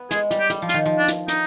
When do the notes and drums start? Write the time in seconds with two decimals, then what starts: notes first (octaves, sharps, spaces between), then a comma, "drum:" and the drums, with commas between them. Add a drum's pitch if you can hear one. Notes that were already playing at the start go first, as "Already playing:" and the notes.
Already playing: B3
0.11 G#3 G#4, drum: hi-hat
0.31 G3, drum: hi-hat
0.40 G4
0.50 G3, drum: hi-hat
0.62 F3
0.69 F4, drum: hi-hat
0.74 D#3
0.86 F3
0.99 D4
1.08 drum: hi-hat
1.28 D#4, drum: hi-hat